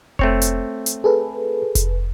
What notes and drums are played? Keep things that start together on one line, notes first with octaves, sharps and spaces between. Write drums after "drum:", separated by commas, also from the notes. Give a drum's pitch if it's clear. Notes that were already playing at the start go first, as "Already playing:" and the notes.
A3 C4 C#5, drum: kick F1
drum: hi-hat
drum: hi-hat
G#4 A4 B4
drum: kick F1, hi-hat